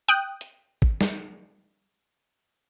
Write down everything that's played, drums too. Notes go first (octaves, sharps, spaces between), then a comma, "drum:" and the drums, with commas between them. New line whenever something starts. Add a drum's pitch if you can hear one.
G5 D#6 F#6
drum: hi-hat
drum: kick G#1
drum: snare